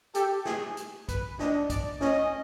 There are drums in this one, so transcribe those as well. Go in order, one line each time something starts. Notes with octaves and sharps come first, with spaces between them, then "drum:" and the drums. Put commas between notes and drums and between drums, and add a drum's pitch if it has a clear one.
G4 A4, drum: hi-hat
G#4, drum: snare
drum: hi-hat
B4, drum: kick A#1, hi-hat
D4 D#5, drum: snare
D5, drum: kick A#1, hi-hat
C#4 D#5, drum: snare